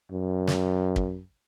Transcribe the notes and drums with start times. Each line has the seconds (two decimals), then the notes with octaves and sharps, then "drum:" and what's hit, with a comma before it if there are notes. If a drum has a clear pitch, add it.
0.12 F#2
0.47 drum: snare
0.96 drum: kick